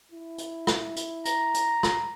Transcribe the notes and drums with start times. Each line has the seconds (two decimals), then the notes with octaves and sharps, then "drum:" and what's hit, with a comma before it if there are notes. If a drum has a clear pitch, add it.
0.12 E4
0.38 drum: hi-hat
0.67 drum: rim click
0.96 drum: hi-hat
1.25 A#5, drum: hi-hat
1.54 drum: hi-hat
1.83 drum: rim click